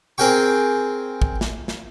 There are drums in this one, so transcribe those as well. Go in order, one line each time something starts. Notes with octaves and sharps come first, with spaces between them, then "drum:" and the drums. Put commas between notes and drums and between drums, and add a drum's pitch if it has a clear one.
C4 G#4 A#4 G5 C#6
drum: kick
drum: snare
drum: snare